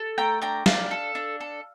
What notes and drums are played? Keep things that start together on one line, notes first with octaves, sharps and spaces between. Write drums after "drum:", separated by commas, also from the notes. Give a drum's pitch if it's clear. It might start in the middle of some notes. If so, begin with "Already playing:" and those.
Already playing: A4
A3 G5 A#5
D4 G5 A#5
D4 D5 F5, drum: snare
A4
D4
A4